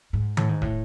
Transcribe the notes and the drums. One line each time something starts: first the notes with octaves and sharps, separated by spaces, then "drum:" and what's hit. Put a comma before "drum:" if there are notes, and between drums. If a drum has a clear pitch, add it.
G#2
A2, drum: tom D#3
G#2
A2, drum: kick D#1